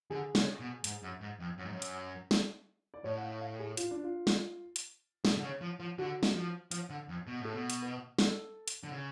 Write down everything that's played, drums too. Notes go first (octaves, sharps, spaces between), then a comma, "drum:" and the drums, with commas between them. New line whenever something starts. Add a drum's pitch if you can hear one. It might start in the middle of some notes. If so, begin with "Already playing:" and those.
D3 G#4
C#3, drum: snare
B2
G#2, drum: hi-hat
F#2
G#2
F2
F#2
G#2
F#2
drum: hi-hat
drum: snare
D5
A2 C#5
F#5
F5
F5
G#4
F4, drum: hi-hat
D4
F4
drum: snare
drum: hi-hat
B2, drum: snare
D3
C#3
F3
F3
D3 F#4
drum: snare
F3
F3, drum: hi-hat
D3
F2
B2
A2 A4
B2
drum: hi-hat
B4
A4, drum: snare
drum: hi-hat
D3
C#3